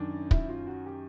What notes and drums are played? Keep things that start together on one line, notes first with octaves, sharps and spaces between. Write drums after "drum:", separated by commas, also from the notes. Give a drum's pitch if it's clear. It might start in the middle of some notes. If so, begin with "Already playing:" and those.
Already playing: F#2 D#3 D4
E4, drum: kick
F4
F#4
G4